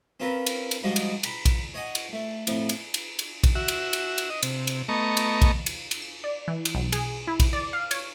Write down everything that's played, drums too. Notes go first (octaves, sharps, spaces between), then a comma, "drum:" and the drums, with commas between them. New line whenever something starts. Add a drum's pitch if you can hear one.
C4 C#4 F4 A#4 B4
drum: cymbal
drum: cymbal
G#2 F3 G3 G#3 F#4 D#5
drum: cymbal
G5 A#5 B5, drum: cymbal
drum: kick A#1, cymbal
C#5 D#5 F#5 G#5
drum: cymbal
A3
F2 A2 F3, drum: cymbal
drum: cymbal
drum: cymbal
drum: cymbal
drum: kick A#1, cymbal
F#4 E5
drum: cymbal
drum: cymbal
drum: cymbal
D#5
C3, drum: cymbal
drum: cymbal
A3 B3 D#5 A#5 C#6
drum: cymbal
drum: kick A#1, cymbal
drum: cymbal
drum: cymbal
E7
D5
E3
drum: cymbal
B1
G#4, drum: cymbal
E4
drum: kick A#1, cymbal
D5
F5
C#5, drum: cymbal